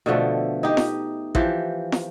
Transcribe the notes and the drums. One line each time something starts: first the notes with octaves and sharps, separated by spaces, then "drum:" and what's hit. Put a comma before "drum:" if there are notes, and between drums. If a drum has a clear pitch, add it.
B2 D3 F3 A3
D#4 G4
drum: snare
E3 F3 G4, drum: kick
drum: snare